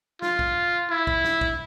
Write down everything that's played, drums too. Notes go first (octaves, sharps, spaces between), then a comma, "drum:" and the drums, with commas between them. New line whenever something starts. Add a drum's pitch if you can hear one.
F4, drum: snare
drum: kick
E4
drum: kick
drum: snare
drum: kick